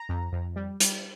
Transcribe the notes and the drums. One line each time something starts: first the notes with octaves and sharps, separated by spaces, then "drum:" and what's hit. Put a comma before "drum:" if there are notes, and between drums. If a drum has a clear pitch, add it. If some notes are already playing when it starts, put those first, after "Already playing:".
Already playing: A#5
F2
F2
G3
G3, drum: hi-hat